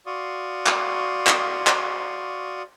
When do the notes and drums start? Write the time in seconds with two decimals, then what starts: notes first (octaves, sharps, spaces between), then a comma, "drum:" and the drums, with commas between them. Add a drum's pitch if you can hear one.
0.06 F#4 D5 F5 C6 C#6 D#6
0.66 drum: clap
1.27 drum: clap
1.67 drum: clap